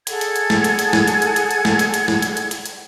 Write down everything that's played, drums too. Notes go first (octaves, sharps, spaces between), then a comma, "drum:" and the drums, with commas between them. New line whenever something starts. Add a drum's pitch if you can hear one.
G#4 A4 F#5 G#6, drum: hi-hat
drum: hi-hat
drum: hi-hat
drum: snare
drum: hi-hat
drum: hi-hat
drum: snare
drum: hi-hat
drum: hi-hat
drum: hi-hat
drum: hi-hat
drum: snare
drum: hi-hat
drum: hi-hat
drum: snare
drum: hi-hat
drum: hi-hat
drum: hi-hat
drum: hi-hat